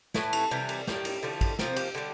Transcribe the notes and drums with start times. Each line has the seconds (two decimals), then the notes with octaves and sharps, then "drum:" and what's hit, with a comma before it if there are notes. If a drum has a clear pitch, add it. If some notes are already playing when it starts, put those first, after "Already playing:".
0.14 A2 E3 A3, drum: snare
0.33 drum: cymbal
0.51 C3 E3 G3
0.69 drum: cymbal
0.87 A2 G3 A#3 G4, drum: snare
1.05 drum: cymbal
1.23 D3 F3 A3
1.41 drum: kick A1, cymbal
1.59 C3 F3 A#3 C4, drum: snare
1.76 G4, drum: cymbal
1.95 D3 G3